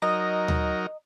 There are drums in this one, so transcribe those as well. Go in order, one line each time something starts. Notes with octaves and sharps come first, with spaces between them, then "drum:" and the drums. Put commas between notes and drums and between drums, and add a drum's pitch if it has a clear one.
F#3 D#4 A#4 D#5 A#5
drum: tom D2